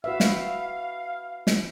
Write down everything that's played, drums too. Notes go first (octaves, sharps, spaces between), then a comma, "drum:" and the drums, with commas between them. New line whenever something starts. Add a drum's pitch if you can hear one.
F#4 B4 E5 F5
drum: snare
drum: snare